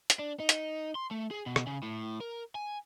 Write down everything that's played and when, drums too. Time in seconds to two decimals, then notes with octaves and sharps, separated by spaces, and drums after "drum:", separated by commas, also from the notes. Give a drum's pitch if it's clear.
0.10 drum: hi-hat
0.19 D4
0.40 D#4
0.49 drum: hi-hat
0.95 C6
1.11 A3
1.31 G#4
1.46 B2
1.56 drum: rim click
1.67 C#3
1.82 A2
2.20 A#4
2.55 G#5